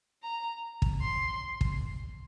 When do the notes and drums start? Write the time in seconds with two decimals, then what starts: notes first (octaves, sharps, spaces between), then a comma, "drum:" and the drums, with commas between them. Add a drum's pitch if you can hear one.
0.23 A#5
0.82 drum: kick
1.02 C6
1.61 drum: kick